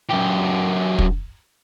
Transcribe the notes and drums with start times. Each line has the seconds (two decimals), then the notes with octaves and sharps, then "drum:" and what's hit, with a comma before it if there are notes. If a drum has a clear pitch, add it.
0.10 F#2 G4
0.99 drum: kick